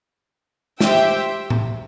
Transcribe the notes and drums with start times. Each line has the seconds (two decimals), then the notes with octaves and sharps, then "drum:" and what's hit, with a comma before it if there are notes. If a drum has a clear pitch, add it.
0.81 G4 C5 E5 G5, drum: snare
1.50 drum: tom A2